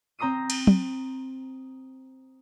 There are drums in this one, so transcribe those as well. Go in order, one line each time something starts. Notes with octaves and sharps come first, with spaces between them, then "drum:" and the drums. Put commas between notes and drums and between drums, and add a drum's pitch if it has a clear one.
C4 C5 A#5 D#6 C7 D#7
drum: cymbal
drum: tom